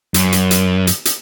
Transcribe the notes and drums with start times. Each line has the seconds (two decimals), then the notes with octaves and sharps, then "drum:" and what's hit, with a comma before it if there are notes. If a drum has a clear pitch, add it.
0.14 F#2, drum: hi-hat
0.32 drum: hi-hat
0.51 drum: hi-hat
0.87 drum: hi-hat
1.05 drum: hi-hat